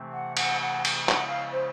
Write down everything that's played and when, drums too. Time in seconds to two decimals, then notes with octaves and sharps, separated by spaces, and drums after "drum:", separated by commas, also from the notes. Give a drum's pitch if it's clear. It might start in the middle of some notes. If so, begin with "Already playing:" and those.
Already playing: C3 E3 A3 C4
0.12 F#5
0.37 F#5, drum: cymbal
0.61 F#5
0.85 drum: cymbal
1.09 C#3 F3 G#3 B3 E4 F#5, drum: clap
1.27 F5
1.52 C5